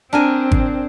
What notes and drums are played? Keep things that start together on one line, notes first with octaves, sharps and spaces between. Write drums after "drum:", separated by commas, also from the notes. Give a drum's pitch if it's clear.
C4 D4 A#4 G#5
drum: kick G#1